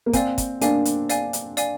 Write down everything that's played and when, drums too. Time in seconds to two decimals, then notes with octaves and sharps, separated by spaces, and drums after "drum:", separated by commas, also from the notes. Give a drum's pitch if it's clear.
0.06 A#3
0.13 C4 D5 F5 G#5, drum: kick, hi-hat
0.38 drum: kick, hi-hat
0.61 A#3 D4 D5 F5 G#5, drum: hi-hat
0.85 drum: hi-hat
1.09 D5 F5 G#5, drum: hi-hat
1.33 drum: hi-hat
1.57 D5 F5 G#5, drum: hi-hat